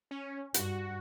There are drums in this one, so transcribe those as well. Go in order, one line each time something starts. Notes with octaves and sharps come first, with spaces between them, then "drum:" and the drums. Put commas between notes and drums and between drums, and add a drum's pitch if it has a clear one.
C#4
G2 F#4, drum: hi-hat